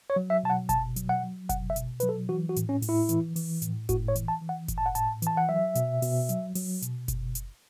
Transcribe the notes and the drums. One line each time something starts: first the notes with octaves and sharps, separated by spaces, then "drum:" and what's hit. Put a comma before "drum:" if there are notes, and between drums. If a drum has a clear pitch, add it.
C#5
F#3
E5
B2 A5
F#5
B2 A5, drum: kick F#1, hi-hat
F#3, drum: hi-hat
F#5
F#3
B2 F#5, drum: kick F#1, hi-hat
E5
B2, drum: hi-hat
F#3 B4, drum: hi-hat
A4
E3 F#4
F#4
A2, drum: hi-hat
C#4
A2, drum: open hi-hat
E4
E3, drum: hi-hat
E3, drum: open hi-hat
A2, drum: hi-hat
A2 F#4, drum: kick F#1, hi-hat
C#5
E3, drum: hi-hat
A5
E3
F#5
A2, drum: kick F#1, hi-hat
A5
F#5
A2 A5, drum: hi-hat
E3 A5, drum: hi-hat
F#5
F#3 E5
B2, drum: hi-hat
B2, drum: open hi-hat
F#3, drum: hi-hat
F#3, drum: open hi-hat
B2, drum: hi-hat
B2, drum: kick F#1, hi-hat
drum: hi-hat